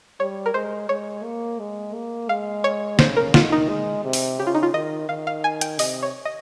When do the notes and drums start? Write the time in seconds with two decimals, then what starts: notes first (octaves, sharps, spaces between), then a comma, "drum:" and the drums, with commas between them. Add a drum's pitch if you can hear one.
0.20 G3 C#5
0.46 A#4
0.54 G#3 C5
0.89 G#3 C#5
1.24 A#3
1.59 G#3
1.94 A#3
2.29 G#3 F5
2.64 C#5
2.99 C#3 C5, drum: snare
3.17 A#4
3.34 D#3 F4, drum: snare
3.52 D#4
3.69 G#3
4.04 C3
4.13 drum: open hi-hat
4.39 C#3 G4
4.47 F4
4.55 D#4
4.63 F4
4.74 D#3 D#5
5.09 D#3 F5
5.27 F5
5.44 G#5
5.61 G5, drum: hi-hat
5.79 C3 D#5, drum: open hi-hat
6.03 C#5
6.25 D#5